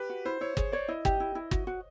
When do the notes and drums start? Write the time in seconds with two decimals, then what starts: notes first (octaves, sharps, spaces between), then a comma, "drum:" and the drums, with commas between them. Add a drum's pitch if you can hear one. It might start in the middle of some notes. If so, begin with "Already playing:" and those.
Already playing: G4 B4
0.10 F#4
0.25 E4 C5
0.41 E4 C#5
0.57 G#4 C#5, drum: kick
0.72 C#5 D5
0.88 E4 D#5
1.05 G4, drum: kick
1.20 E4
1.35 E4
1.51 F#4, drum: kick
1.67 F#4